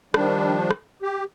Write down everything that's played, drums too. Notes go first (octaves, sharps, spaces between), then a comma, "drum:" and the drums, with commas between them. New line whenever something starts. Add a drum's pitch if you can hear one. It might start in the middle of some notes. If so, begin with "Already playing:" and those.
D#3 F3 G3 D4, drum: rim click
drum: rim click
G4